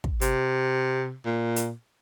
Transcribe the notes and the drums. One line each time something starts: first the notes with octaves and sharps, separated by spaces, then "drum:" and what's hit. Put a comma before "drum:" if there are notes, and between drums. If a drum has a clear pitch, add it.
drum: kick
C3, drum: hi-hat
A#2
drum: hi-hat